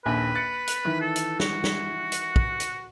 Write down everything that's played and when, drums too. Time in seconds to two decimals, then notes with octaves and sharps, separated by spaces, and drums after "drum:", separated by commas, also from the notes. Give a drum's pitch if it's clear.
0.05 D#1 A#1 D#2 B4
0.35 F#6 A6 C#7
0.68 drum: hi-hat
0.85 D#3 E3
1.01 A4
1.16 drum: hi-hat
1.40 F#4, drum: snare
1.64 drum: snare
2.12 drum: hi-hat
2.36 drum: kick
2.60 drum: hi-hat